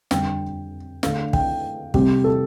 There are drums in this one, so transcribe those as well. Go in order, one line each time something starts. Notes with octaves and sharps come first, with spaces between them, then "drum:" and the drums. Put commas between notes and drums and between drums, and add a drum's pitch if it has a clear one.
F2 D3 G3 D4 G5, drum: snare
D3 A3 D4 F5, drum: snare
G5, drum: kick
C3 G3 C4 G4, drum: kick
A4